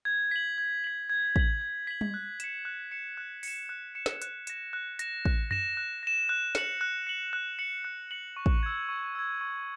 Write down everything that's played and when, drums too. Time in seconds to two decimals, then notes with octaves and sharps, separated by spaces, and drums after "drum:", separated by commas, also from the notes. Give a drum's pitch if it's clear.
0.05 G#6
0.31 B6 F#7
0.58 G#6
0.84 B6 F#7
1.10 G#6
1.36 B6 F#7, drum: kick
1.61 G#6
1.87 B6 F#7
2.01 drum: tom G3
2.14 F#6
2.40 C#7 E7, drum: hi-hat
2.65 F#6
2.91 C#7 E7
3.17 F#6
3.43 C#7 E7, drum: open hi-hat
3.69 F#6
3.95 C#7 E7
4.06 drum: snare
4.22 F#6, drum: hi-hat
4.47 A#6 E7, drum: hi-hat
4.73 F#6
4.99 A#6 E7, drum: hi-hat
5.25 F#6, drum: kick
5.51 A#6 E7, drum: tom F#2
5.77 F#6
6.03 A#6 E7
6.29 F#6
6.55 C#7 F#7, drum: snare
6.81 F#6
7.07 C#7 F#7
7.33 F#6
7.59 C#7 F#7
7.85 F#6
8.11 C#7 F#7
8.37 C#6
8.46 drum: kick
8.63 E6 G#6
8.89 C#6
9.15 E6 G#6
9.41 C#6